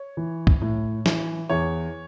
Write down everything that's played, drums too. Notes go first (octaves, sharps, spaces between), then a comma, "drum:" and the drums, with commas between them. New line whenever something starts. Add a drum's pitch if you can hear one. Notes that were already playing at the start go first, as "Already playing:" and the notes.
Already playing: C#5
E3
drum: kick
A2
E3, drum: snare
E2 C#5